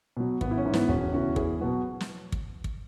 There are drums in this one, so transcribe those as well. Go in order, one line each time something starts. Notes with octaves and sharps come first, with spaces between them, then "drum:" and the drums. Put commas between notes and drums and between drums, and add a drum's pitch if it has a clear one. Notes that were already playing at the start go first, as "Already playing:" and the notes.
B2 F#3
G#1 B3, drum: kick
E4
C#4
G#2 E3
B3 E4, drum: snare
E1 C#4 F#4
E2 C#3 E3 C#4 F#4
E2 E4 G#4, drum: kick
B2 F#3 F#4 B4
drum: snare
drum: kick
drum: kick